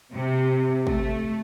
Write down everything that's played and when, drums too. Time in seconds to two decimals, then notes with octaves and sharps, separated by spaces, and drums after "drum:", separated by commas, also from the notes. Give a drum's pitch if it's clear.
0.13 C3
0.87 A3, drum: kick